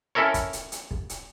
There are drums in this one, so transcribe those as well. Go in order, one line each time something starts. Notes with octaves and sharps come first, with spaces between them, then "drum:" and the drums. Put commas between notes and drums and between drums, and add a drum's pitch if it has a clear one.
C#4 E4 A4 A#4 C#5
drum: kick, hi-hat
drum: hi-hat
drum: hi-hat
drum: kick
drum: hi-hat